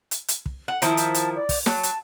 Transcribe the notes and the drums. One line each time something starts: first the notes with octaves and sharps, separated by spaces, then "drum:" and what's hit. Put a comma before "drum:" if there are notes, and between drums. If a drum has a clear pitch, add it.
drum: hi-hat
drum: hi-hat
drum: kick
F#5
D#3 F3 E4 A5, drum: hi-hat
drum: hi-hat
drum: hi-hat
D5
drum: kick, open hi-hat
F#3 A5, drum: snare
drum: hi-hat